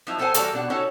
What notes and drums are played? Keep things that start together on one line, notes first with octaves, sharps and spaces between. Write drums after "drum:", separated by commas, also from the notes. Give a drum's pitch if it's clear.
F3 F#3 D#4 E4
B3 A4 A#4 C5 F#5 G#5
E3 G3 F#4 A4 A#4, drum: hi-hat
B2 D4 F#5
C#4 D#4 F#4 A4 C#5